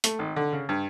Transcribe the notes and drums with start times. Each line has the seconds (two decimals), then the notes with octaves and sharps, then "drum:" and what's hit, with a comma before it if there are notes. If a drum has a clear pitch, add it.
0.04 A3, drum: hi-hat
0.19 G#1
0.36 D3
0.52 C#3
0.69 G2